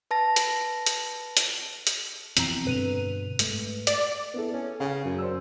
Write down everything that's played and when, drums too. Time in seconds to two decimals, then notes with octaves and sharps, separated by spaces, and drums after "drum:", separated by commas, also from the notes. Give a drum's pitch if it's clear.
0.11 B4 A5 A#6
0.36 drum: hi-hat
0.86 drum: hi-hat
1.37 drum: hi-hat
1.87 drum: hi-hat
2.37 F2 B2 E3 C4 A#5, drum: hi-hat
2.67 G2 B2 D3 B4 D#7 F7
3.39 G#2 A3, drum: hi-hat
3.87 D5, drum: hi-hat
4.34 B3 E4 A4
4.53 C#4
4.80 C#3 F5
5.05 F#2
5.18 C5 D5 E6